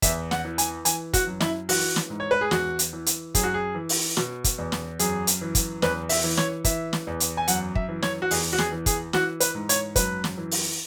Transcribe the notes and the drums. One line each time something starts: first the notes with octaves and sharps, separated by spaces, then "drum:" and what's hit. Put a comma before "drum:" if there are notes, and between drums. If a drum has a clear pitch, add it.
E2 E5, drum: kick, hi-hat
F#5, drum: snare
E3
G#5, drum: hi-hat
E3 G#5, drum: hi-hat
F#4, drum: kick, hi-hat
F#2
E4, drum: snare
E3 F#4, drum: open hi-hat
drum: snare
G#2
C#5
B4
G#4
E2 F#4, drum: snare
drum: hi-hat
E3
drum: hi-hat
F#2 G#4, drum: kick, hi-hat
F#4
G#4
E3
drum: open hi-hat
B2, drum: snare
drum: kick, hi-hat
E2
drum: snare
F#2 G#4, drum: hi-hat
drum: hi-hat
E3
drum: kick, hi-hat
E2 B4, drum: snare
E5, drum: open hi-hat
E3
C#5, drum: snare
E3 E5, drum: kick, hi-hat
drum: snare
E2
drum: hi-hat
G#5
F#2 F#5, drum: hi-hat
E5, drum: kick
E3
C#5, drum: snare
F#4
E2 G#4, drum: open hi-hat
F#4
G#4, drum: snare
E3
G#4, drum: kick, hi-hat
E3 F#4, drum: snare
B4, drum: hi-hat
G#2
C#5, drum: hi-hat
F#2 B4, drum: kick, hi-hat
drum: snare
E3
drum: open hi-hat